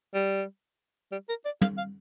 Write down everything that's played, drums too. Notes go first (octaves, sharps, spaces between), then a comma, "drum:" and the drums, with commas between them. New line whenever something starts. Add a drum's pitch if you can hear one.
G3
G3
A#4
D5
F5, drum: tom
F5